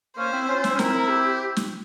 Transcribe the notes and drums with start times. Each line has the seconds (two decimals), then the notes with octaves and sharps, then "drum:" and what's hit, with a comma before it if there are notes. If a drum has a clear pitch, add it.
0.17 A#3 C#4 C5
0.32 C4 E4
0.48 C#4 F4
0.64 C4 E4, drum: snare
0.74 C#4
0.79 C4 E4 A#4, drum: snare
1.10 G4
1.56 drum: snare